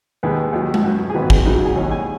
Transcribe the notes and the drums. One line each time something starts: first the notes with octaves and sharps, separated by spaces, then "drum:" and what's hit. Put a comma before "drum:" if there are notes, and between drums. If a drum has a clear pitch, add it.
D#2 D#3 G#3 B4
D#2 D#3 F#3
drum: tom G#3
F#2 F#3
G#4
G#1 G#2 D#3 F#3 B4
G#4, drum: kick
F#2 C#3 F#3 D#4
F#4
G#4
D#2 D#3 G#3 C#5
G#5